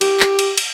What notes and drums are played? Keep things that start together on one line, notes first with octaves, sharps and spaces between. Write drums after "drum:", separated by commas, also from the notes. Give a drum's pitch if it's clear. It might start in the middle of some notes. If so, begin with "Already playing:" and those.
G4, drum: cymbal
drum: clap
drum: cymbal
drum: cymbal